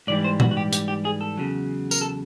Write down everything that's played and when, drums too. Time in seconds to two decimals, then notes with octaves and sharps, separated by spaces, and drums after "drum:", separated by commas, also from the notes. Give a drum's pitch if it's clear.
0.07 G#2 E3 G3 D5
0.24 C5
0.40 F#4, drum: tom A#2
0.51 F#4
0.57 G4
0.72 G4, drum: hi-hat
0.88 G4
1.05 G#4
1.21 A4
1.38 E2 C#3 F#3
1.91 A#4, drum: tambourine
2.01 A4